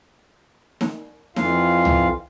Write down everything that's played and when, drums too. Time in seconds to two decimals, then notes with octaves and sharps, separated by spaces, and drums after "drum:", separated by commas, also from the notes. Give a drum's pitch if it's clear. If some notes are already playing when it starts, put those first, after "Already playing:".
0.81 drum: snare D#4
1.36 F2 E3 F4 F5, drum: snare D#4
1.85 drum: tom